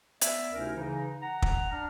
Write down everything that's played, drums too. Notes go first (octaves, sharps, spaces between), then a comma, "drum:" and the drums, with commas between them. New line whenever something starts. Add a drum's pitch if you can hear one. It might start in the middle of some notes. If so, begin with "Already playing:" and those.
B3 D5 E5, drum: hi-hat
D2 C3 C#4 D#4 E4 A#4
C#3 E3 D#4
F#5 A#5
drum: kick
D4 F6